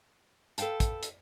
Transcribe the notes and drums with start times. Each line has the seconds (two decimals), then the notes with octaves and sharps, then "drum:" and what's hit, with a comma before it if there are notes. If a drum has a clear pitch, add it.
0.58 A4 B4 F5 G5 A5, drum: hi-hat
0.80 drum: kick, hi-hat
1.03 drum: hi-hat